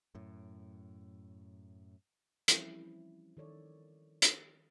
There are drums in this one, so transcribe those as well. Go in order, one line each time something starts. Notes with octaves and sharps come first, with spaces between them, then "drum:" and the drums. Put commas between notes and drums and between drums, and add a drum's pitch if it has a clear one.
F#2 A2
E3 F3 G3 C4 C#4 E4, drum: hi-hat
D#3 A4 C#5 D5
drum: hi-hat